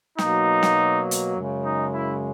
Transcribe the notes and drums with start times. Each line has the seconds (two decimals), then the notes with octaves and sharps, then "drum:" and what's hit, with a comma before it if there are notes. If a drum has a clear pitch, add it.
0.18 B2 F#3 A#3 D#4, drum: snare
0.63 drum: snare
1.11 drum: hi-hat
1.36 F#2 C#3 G#3
1.65 D#4
1.94 E4